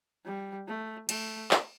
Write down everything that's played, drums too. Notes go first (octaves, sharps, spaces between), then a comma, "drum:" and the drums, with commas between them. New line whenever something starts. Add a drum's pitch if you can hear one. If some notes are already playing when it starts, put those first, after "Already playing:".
G3
A3
A3, drum: cymbal
drum: clap